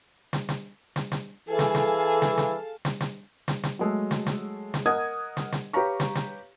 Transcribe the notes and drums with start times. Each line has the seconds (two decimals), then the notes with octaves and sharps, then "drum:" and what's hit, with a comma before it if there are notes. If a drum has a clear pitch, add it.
0.33 drum: snare
0.49 drum: snare
0.96 drum: snare
1.12 drum: snare
1.49 E3 G#4 A4 F5 A5
1.59 drum: snare
1.75 drum: snare
2.22 drum: snare
2.38 drum: snare
2.85 drum: snare
3.01 drum: snare
3.48 drum: snare
3.63 drum: snare
3.79 F#3 G#3 A3
4.11 drum: snare
4.26 drum: snare
4.74 drum: snare
4.86 A#4 D#5 F#5 D#6 G#6
5.37 drum: snare
5.52 drum: snare
5.73 G4 B4 C#5 F5 A#5 C#6
6.00 drum: snare
6.15 drum: snare